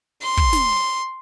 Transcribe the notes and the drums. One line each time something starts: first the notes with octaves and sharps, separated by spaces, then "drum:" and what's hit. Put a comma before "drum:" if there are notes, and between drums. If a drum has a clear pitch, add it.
C6
drum: kick
drum: snare